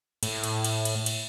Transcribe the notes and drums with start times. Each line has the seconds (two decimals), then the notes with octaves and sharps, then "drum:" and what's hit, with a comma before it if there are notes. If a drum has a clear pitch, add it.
0.23 A2, drum: cymbal
0.44 drum: cymbal
0.64 drum: cymbal
0.85 drum: cymbal
1.06 drum: cymbal